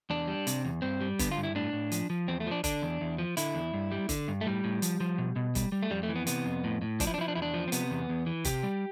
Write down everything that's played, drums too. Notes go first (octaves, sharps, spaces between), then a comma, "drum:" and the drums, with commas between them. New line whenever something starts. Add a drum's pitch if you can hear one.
E2 D4
G3
C3, drum: hi-hat
E2
G2 C4
G3
D3 B3, drum: kick G1, hi-hat
F4
G2
E4
A2 D4
A2
F3, drum: hi-hat
F3
E2 C4
A3
F3 D4
D3 D4, drum: kick G1, hi-hat
E2
E2
F3
D3 E4, drum: hi-hat
E2
G2
G3
D3, drum: kick G1, hi-hat
G2
A3
A2 G3
A2
F3, drum: hi-hat
F3
B2
B2
G3, drum: kick G1, hi-hat
G3
A3
F2 G3
A3
E3
B3
C3 B3, drum: hi-hat
F2
A2
A2
F3 D4, drum: kick G1, hi-hat
E4
D4
F3 E4
D4
E2 E4
D4
F3
C4
C3 B3, drum: hi-hat
E2
E2
E3
C3 G4, drum: kick G1, hi-hat
G3